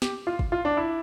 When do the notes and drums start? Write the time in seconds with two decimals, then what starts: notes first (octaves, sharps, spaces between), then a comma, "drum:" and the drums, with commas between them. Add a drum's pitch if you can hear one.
0.02 G4, drum: snare
0.27 F4
0.39 drum: kick
0.52 F4
0.65 D4
0.77 E4